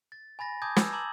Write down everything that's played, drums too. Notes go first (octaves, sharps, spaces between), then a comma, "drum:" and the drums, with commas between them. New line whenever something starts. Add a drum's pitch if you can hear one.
A6
G#5 B5 A6 A#6
G#5 A5 D6 D#6 G6 G#6
E6, drum: snare
A5 A#5 D6 E6 G#6 F#7